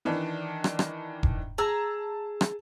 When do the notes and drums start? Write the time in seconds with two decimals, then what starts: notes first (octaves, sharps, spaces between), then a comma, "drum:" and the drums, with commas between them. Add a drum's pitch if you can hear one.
0.05 D#3 E3 D4
0.64 drum: rim click
0.79 drum: rim click
1.23 drum: kick E1
1.58 G#4 A5 A#5 E6
2.41 drum: rim click